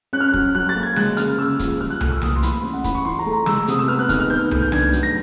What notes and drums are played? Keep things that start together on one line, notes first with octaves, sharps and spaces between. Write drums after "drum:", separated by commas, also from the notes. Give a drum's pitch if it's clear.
C#4 F#6
F6
F#6
F#3, drum: kick
F#3 F#6
A6
A#3
G#6
G#3 F#6, drum: snare
C#3 F6, drum: hi-hat
C#3 E6
F3, drum: kick, hi-hat
G3 F6
F#6
A2 F6, drum: tom C2
E6
A#3 D#6, drum: snare
C6
E3 B5, drum: hi-hat
C#4
F#5
E3 B5, drum: kick, hi-hat
C#6
E3 C6
A#5
A3
A#5
G#3 E6, drum: snare
C3 D#6, drum: hi-hat
E6
B3 F6
F#6
D#3 F6, drum: kick, hi-hat
F6
B3 G6
A2, drum: tom C2
G6
D4 G#6, drum: snare
F#3, drum: hi-hat
A#6